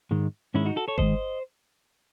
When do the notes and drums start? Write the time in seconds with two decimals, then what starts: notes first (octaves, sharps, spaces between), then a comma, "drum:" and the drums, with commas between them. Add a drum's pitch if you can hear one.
0.11 G#2 D#3 G#3
0.54 G#2 D#3 G#3 C#4 E4
0.65 D#4 F#4
0.76 F#4 A4
0.88 A4 C#5
0.98 G#2 D#3 G#3 C5 D#5, drum: kick G1